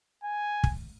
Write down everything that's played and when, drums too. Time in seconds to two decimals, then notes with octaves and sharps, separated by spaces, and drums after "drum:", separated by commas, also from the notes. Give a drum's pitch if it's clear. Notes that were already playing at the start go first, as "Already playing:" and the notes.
0.24 G#5
0.64 drum: kick